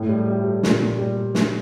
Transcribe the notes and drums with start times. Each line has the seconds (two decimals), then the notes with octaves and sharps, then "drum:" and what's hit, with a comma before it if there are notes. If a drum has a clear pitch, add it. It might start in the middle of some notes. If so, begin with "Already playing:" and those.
Already playing: A2
0.09 G3
0.27 G3
0.44 G3
0.63 A#2, drum: snare
0.81 A#2
0.98 G3
1.35 drum: snare